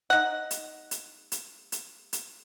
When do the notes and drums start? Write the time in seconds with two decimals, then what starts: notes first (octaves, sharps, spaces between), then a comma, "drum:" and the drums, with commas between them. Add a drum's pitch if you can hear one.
0.10 D#4 F#5
0.51 drum: hi-hat
0.91 drum: hi-hat
1.32 drum: hi-hat
1.72 drum: hi-hat
2.13 drum: hi-hat